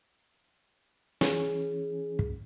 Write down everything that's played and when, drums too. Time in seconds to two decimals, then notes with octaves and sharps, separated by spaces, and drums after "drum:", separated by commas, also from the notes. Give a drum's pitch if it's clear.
1.21 E3 C#4 G#4, drum: snare
2.19 drum: kick